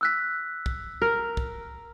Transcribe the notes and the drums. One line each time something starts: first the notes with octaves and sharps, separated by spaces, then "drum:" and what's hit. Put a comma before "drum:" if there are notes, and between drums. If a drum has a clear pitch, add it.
E6 F#6 B6
drum: kick
A#4
drum: kick